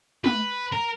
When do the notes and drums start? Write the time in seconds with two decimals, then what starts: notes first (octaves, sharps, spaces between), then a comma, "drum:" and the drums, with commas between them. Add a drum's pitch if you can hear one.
0.24 B4, drum: tom
0.72 A#4